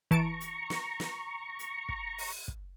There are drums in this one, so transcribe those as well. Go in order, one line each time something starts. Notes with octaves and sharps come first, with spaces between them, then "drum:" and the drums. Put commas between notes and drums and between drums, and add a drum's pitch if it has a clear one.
E3 A5 A#5 C#6 D7, drum: kick
drum: hi-hat
drum: snare
drum: snare
drum: hi-hat
drum: kick
drum: open hi-hat
drum: kick